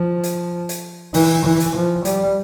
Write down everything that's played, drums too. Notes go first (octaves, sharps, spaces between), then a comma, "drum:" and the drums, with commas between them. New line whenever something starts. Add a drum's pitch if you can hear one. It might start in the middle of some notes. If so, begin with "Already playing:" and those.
Already playing: F3
drum: hi-hat
drum: hi-hat
E3, drum: open hi-hat
E3
drum: hi-hat
F3
G3, drum: hi-hat